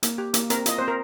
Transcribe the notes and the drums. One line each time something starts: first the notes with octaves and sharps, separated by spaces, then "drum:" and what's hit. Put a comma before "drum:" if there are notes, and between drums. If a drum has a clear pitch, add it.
A#3, drum: hi-hat
G4
A#3, drum: hi-hat
C4 A#4, drum: hi-hat
F4 D#5, drum: hi-hat
C4 C5
A#4